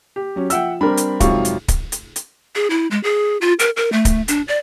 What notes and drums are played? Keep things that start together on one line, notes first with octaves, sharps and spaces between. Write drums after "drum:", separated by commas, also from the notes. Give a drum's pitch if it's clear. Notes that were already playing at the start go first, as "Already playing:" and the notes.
G4
F#3 C#4
F3 E5 F#5 G5 E6, drum: hi-hat
G3 C4 D4 A#4 B5
drum: hi-hat
F2 G#2 C3 F#3 F4 C#6, drum: kick D1, hi-hat
drum: hi-hat
drum: kick D1, hi-hat
drum: hi-hat
drum: hi-hat
G#4
E4
G#3
G#4
F4
A#4, drum: hi-hat
A#4
A3
drum: kick D1, hi-hat
D4, drum: hi-hat
D5